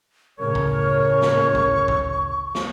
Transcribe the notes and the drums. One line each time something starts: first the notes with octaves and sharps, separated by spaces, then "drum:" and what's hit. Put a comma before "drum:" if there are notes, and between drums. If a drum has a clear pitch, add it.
A2 C#3 A#4 C#5 C#6
drum: kick A1
drum: snare
drum: kick A1
drum: kick A1
drum: snare